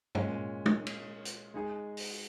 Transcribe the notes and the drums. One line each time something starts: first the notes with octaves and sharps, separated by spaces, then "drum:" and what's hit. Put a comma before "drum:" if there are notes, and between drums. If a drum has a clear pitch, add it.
A#2 G#3 C#4, drum: tom G2
drum: tom
drum: cymbal
drum: hi-hat
G#3 D#4 G#4
drum: open hi-hat